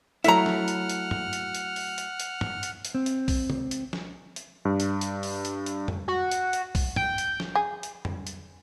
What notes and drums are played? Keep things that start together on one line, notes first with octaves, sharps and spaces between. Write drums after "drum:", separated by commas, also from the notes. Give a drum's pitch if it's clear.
F#3 A3 E4 E5 F#5 A#5 F6, drum: hi-hat
drum: snare
drum: hi-hat
drum: hi-hat
drum: tom
drum: hi-hat
drum: hi-hat
drum: open hi-hat
drum: hi-hat
drum: hi-hat
drum: tom
drum: hi-hat
drum: hi-hat
C4
drum: hi-hat
drum: kick B1, open hi-hat
drum: tom C3
drum: hi-hat
drum: snare
drum: hi-hat
G2
drum: hi-hat
drum: hi-hat
drum: open hi-hat
drum: hi-hat
drum: hi-hat
drum: tom F2
F#4
drum: hi-hat
drum: hi-hat
drum: kick B1, open hi-hat
G5, drum: tom
drum: hi-hat
drum: snare
G#4
drum: hi-hat
drum: tom F2
drum: hi-hat